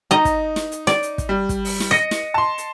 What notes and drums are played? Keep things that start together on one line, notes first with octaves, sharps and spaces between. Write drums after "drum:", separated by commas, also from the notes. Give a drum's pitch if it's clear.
D#4 D#5 A#5
drum: kick, hi-hat
drum: snare
drum: hi-hat
D5, drum: snare
drum: hi-hat
drum: kick, hi-hat
G3
drum: kick, hi-hat
drum: open hi-hat
drum: snare
D#5 A#6 C#7 D#7
drum: snare
A5 C6
drum: hi-hat